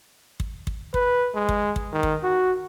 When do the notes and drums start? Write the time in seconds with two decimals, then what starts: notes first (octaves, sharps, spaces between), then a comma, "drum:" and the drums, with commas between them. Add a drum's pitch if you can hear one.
0.40 drum: kick
0.67 drum: kick
0.94 B4, drum: kick
1.35 G#3
1.49 drum: kick
1.76 drum: kick
1.92 D#3
2.03 drum: kick
2.23 F#4